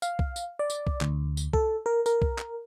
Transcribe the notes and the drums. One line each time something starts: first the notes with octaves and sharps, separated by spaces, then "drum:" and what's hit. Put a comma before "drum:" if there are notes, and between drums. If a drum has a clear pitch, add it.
F5, drum: tambourine
drum: kick B1
drum: tambourine
D5
drum: tambourine
drum: kick B1
D2, drum: clap
drum: tambourine
A4, drum: kick B1
A#4
A#4, drum: tambourine
drum: kick B1
drum: clap